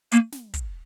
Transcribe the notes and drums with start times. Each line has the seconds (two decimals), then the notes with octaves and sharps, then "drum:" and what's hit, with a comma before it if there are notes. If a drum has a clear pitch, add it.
0.12 A#3, drum: hi-hat
0.32 drum: snare
0.54 drum: kick, hi-hat